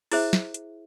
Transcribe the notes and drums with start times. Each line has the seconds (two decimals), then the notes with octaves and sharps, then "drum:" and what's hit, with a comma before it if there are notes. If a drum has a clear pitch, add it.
0.12 E4 G#4 C5 E5, drum: open hi-hat
0.33 drum: snare
0.54 drum: hi-hat